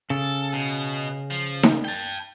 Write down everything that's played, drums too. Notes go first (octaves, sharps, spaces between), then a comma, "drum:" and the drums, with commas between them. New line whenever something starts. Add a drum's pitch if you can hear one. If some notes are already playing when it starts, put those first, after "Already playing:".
C#3 A4
B2
F3
drum: snare D#4
G5 A5